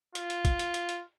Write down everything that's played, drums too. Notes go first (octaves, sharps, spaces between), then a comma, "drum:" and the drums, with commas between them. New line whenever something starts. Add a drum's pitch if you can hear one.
F4, drum: hi-hat
drum: hi-hat
drum: kick, hi-hat
drum: hi-hat
drum: hi-hat
drum: hi-hat